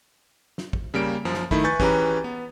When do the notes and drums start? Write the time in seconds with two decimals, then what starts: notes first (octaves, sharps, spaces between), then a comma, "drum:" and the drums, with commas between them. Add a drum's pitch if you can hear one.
0.58 drum: snare
0.73 drum: kick
0.94 C#3 G3 A#3 D7
1.25 F#2 F3
1.34 drum: snare
1.51 D#3 A3 E4 B5, drum: kick
1.64 B4 G#5 C#6 G6 A6
1.80 E3 C#4 G4 G#4 B4 A#5, drum: kick
2.24 B3